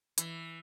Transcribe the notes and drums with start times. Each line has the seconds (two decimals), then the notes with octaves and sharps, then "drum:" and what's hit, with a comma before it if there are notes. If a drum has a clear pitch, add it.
0.18 E3, drum: hi-hat